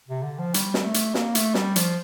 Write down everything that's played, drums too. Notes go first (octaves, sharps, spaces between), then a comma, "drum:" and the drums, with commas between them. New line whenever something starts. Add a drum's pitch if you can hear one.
C3
D3
F3
G3, drum: hi-hat
drum: snare
A3
drum: hi-hat
A#3, drum: snare
A3, drum: hi-hat
G3, drum: snare
F3, drum: hi-hat